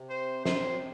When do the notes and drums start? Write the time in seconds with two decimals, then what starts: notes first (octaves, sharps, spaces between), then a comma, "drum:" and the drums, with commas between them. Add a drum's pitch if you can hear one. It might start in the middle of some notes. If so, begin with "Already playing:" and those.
Already playing: C3
0.10 C5
0.46 C5, drum: snare